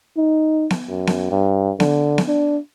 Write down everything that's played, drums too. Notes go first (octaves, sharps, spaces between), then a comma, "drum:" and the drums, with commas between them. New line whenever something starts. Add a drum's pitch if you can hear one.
D#4
drum: snare B3
F#2
drum: snare B3
G2
D3, drum: snare B3
drum: snare B3
D4